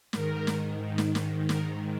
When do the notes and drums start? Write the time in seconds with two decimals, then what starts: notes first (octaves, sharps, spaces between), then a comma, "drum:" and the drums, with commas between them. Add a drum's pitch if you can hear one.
0.13 G#2 D#3 A#4, drum: snare
0.47 drum: snare
0.98 drum: snare
1.15 drum: snare
1.49 A#4, drum: snare